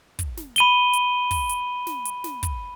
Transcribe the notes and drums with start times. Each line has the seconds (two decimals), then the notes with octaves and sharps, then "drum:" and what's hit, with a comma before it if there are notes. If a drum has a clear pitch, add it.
0.19 drum: kick, hi-hat
0.37 drum: snare
0.56 B5 D#7 G7, drum: hi-hat
0.93 drum: hi-hat
1.31 drum: kick, open hi-hat
1.49 drum: hi-hat
1.87 drum: snare
2.05 drum: hi-hat
2.24 drum: snare
2.43 drum: kick, hi-hat